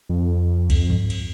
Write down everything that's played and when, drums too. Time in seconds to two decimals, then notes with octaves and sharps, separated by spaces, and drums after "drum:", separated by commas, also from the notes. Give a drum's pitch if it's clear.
0.09 F2
0.70 drum: kick C2, cymbal
0.90 drum: tom G2
1.10 drum: cymbal